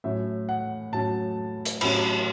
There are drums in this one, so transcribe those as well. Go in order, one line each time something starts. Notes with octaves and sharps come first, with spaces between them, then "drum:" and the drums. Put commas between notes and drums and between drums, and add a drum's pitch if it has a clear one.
A2 F#3 C#4 E5
F#5
A2 F#3 C#4 A5
drum: hi-hat
A2 F#3 C#4 B5, drum: cymbal